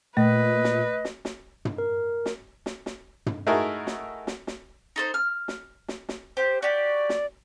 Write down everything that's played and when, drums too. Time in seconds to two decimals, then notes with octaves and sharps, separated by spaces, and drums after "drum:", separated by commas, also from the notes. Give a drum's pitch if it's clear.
0.17 A#2 A3 B4 D#5
0.64 drum: snare
1.05 drum: snare
1.25 drum: snare
1.65 drum: tom
1.78 A#4
2.26 drum: snare
2.66 drum: snare
2.86 drum: snare
3.26 drum: tom
3.47 A3 D#4 E4 F#4 G#4 A#4
3.87 drum: snare
4.27 drum: snare
4.47 drum: snare
4.96 D#4 A4 C5
5.14 F6
5.48 drum: snare
5.88 drum: snare
6.09 drum: snare
6.37 G4 C5
6.62 F#4 G4 D5
7.09 drum: snare